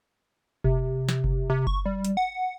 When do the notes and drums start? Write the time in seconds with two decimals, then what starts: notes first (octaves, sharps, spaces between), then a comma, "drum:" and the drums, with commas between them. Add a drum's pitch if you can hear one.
0.64 C3, drum: kick F#1
1.08 drum: snare
1.24 drum: kick F#1
1.50 C3
1.67 C#6, drum: kick F#1
1.86 G3
2.05 drum: hi-hat
2.17 F#5